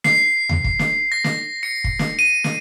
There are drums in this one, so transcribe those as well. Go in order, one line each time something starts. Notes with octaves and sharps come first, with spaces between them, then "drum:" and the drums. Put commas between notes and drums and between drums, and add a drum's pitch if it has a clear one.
C7, drum: snare
drum: tom D#2
drum: kick
drum: snare
A#6
drum: snare
C#7
drum: kick
drum: snare
D#7
drum: snare